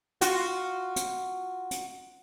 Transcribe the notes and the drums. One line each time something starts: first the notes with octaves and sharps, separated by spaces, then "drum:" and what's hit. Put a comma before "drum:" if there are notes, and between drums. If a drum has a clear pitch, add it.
F4 F#4, drum: hi-hat
drum: hi-hat
drum: hi-hat